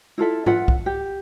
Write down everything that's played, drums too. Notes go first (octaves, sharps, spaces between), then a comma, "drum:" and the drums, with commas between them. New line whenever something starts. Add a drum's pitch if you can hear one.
E4 F4 A4 E5
F4 B4 E5 F#5, drum: tom G#2
drum: kick B1
G4